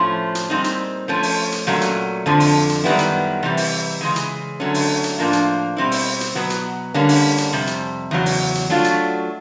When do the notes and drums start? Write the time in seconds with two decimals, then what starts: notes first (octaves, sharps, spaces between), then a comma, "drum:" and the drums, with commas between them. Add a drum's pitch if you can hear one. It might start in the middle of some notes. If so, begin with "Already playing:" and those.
Already playing: A2 F3 A3 C#4
0.35 drum: hi-hat
0.50 A#2 G3 C4 D#4
0.64 drum: hi-hat
1.08 F3 A3 C#4
1.23 drum: open hi-hat
1.52 drum: hi-hat
1.67 A#2 F#3 A3 C#4
1.81 drum: hi-hat
2.26 F2 D3 F3
2.40 drum: open hi-hat
2.69 drum: hi-hat
2.84 F#2 D#3 G3 B3 E4
2.99 drum: hi-hat
3.43 C3 E3 G3
3.57 drum: open hi-hat
4.01 C#3 E3 G#3
4.16 drum: hi-hat
4.60 D3 F#3 A3 C#4
4.74 drum: open hi-hat
5.04 drum: hi-hat
5.18 A2 F3 A#3 D4 F4
5.33 drum: hi-hat
5.76 B2 G3 C4 E4
5.91 drum: open hi-hat
6.21 drum: hi-hat
6.35 B2 F#3 B3
6.50 drum: hi-hat
6.94 D3 G3 A#3 C#4
7.09 drum: open hi-hat
7.38 drum: hi-hat
7.53 F2 C3 G3
7.67 drum: hi-hat
8.11 E2 C#3 F#3
8.26 drum: open hi-hat
8.55 drum: hi-hat
8.70 F#3 A3 D4 F4
8.84 drum: hi-hat